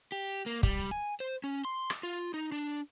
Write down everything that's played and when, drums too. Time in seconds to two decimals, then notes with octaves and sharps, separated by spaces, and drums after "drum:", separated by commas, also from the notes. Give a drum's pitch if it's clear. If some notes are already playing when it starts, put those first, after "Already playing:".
0.12 G4
0.46 A#3
0.63 G3, drum: kick
0.91 G#5
1.20 C5
1.44 C#4
1.65 C6
1.90 drum: rim click
2.03 F4
2.34 D#4
2.52 D4